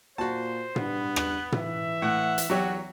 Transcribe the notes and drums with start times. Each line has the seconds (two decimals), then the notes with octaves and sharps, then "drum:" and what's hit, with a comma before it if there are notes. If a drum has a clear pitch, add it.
0.18 A#2 F#4 C5 A5
0.76 G2 B3, drum: tom
1.16 F#6, drum: rim click
1.52 E3 E5, drum: tom
2.02 A2 F#5
2.38 drum: hi-hat
2.50 E2 F#3 F#4 G4 C#5